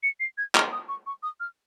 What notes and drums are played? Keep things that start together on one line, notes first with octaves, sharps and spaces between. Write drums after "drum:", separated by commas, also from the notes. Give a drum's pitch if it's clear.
C#7
C7
G#6
F6, drum: clap
D#6
C#6
C#6
D#6
F6